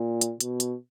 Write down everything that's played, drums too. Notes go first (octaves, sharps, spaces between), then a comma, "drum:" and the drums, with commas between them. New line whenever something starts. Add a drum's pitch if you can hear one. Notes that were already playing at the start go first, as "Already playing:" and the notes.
Already playing: A#2
drum: hi-hat
B2, drum: hi-hat
drum: hi-hat